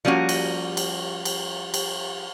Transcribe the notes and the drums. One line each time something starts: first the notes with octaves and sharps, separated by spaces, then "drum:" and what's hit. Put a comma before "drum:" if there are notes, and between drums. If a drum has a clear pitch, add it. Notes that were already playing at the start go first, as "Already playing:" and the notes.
F3 G3 A#3 C#4 F#4
drum: cymbal
drum: cymbal
drum: cymbal
drum: cymbal